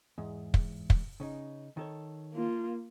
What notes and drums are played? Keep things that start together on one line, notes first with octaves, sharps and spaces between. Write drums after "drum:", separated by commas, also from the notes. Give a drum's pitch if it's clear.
E2 G#2
drum: kick
drum: kick
C#3 C#4 D#4
D#3 A4 C#5
A#3 F4